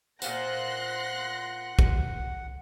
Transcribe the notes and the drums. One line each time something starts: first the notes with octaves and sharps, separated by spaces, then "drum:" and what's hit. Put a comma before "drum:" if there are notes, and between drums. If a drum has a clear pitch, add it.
A#2 F4 C5 F#5 C6 F#6 A#6, drum: tambourine
drum: kick